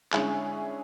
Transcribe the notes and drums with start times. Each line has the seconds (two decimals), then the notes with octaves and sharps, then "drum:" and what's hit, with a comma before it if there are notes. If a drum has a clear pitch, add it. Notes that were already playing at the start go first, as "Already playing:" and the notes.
0.13 D3 G#3 C#4 E4 G#4, drum: clap